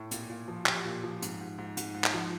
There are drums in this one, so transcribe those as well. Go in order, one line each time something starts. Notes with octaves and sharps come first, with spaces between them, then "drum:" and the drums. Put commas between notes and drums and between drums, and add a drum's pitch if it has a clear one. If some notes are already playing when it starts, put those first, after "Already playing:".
Already playing: A2
A#2, drum: hi-hat
A#2
F3
F3 G4, drum: clap
A#2
F3
G#2, drum: hi-hat
G#2
G#2
G#2, drum: hi-hat
G#2
drum: clap
F3